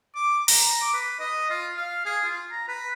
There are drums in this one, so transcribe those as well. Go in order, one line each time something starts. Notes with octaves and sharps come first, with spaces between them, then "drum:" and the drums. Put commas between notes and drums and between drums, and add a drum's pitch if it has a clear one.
D6
A#5, drum: open hi-hat
D6
B4
D#5
F4
F5
G#4
F4
A#5
B4